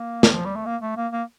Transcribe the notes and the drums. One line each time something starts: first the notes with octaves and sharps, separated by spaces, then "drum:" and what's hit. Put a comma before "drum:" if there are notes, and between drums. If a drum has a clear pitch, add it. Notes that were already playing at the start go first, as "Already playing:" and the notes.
Already playing: A#3
D#3, drum: snare
F3
G3
A3
A#3
A3
A#3
A#3